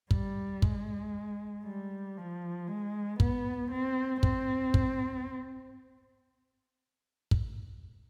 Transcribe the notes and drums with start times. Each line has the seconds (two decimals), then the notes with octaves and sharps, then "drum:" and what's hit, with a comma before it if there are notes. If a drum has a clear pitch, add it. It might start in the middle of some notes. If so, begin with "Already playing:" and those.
0.11 G3, drum: kick
0.62 G#3, drum: kick
1.65 G3
2.17 F3
2.68 G#3
3.20 B3, drum: kick
3.71 C4
4.23 C4, drum: kick
4.74 drum: kick
7.31 drum: kick